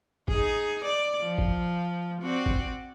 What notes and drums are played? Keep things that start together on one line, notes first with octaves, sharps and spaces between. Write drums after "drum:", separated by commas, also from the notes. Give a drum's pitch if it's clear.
D#4 G#4, drum: kick
D5
F3
drum: kick
C4 F#4 D5
drum: kick